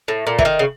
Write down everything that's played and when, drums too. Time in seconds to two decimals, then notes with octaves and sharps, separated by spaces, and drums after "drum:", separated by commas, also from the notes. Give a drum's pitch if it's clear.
0.08 A2
0.27 A#2
0.39 E3, drum: kick
0.45 D#3
0.59 C#3